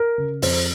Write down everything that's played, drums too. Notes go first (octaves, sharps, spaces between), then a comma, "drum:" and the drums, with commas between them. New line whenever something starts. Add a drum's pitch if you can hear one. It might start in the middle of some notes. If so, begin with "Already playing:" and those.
Already playing: A#4
C#3
F2 C5, drum: open hi-hat